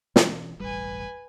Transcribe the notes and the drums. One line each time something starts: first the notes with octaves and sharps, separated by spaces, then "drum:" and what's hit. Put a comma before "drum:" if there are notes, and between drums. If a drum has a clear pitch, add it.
B2 E3 C#4, drum: snare
E1 A1 G3 B4 G#5